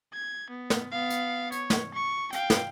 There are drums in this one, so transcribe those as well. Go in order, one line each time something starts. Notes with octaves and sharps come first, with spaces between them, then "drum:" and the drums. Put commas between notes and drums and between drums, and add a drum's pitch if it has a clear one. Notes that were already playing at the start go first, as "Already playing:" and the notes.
G#6
B3
drum: snare
B3 F5
drum: hi-hat
C#5, drum: hi-hat
drum: snare
C#6
F5 G5, drum: hi-hat
drum: snare